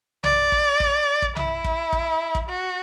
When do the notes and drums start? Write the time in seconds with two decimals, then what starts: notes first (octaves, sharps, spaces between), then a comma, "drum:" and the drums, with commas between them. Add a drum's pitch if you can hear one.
0.24 D5, drum: tom B1
0.52 drum: kick
0.80 drum: kick
1.22 drum: kick
1.36 E4, drum: tom B1
1.64 drum: kick
1.93 drum: kick
2.35 drum: kick
2.49 F#4